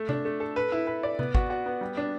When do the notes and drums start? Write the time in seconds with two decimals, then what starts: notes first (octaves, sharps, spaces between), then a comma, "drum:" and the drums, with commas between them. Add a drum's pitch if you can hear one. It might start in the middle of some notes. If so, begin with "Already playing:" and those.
Already playing: A3
0.09 D4, drum: tom C3
0.25 A3
0.40 A4
0.56 B4
0.72 E4
0.87 B4
1.03 D5
1.19 B3, drum: tom C3
1.35 F#4, drum: kick
1.50 F#4
1.66 B3
1.81 G3
1.97 D4